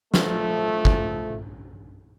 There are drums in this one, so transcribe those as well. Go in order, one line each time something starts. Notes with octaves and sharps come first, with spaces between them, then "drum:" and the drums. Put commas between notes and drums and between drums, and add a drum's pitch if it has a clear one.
F3 A3, drum: snare
drum: kick